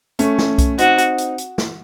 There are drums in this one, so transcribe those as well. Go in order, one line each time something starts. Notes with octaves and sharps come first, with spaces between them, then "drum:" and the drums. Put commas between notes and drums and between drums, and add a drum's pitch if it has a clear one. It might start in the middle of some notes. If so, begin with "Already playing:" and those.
A3 C#4, drum: hi-hat
drum: snare
drum: kick B1, hi-hat
C4 D#4 F#4, drum: hi-hat
drum: hi-hat
drum: hi-hat
drum: hi-hat
drum: snare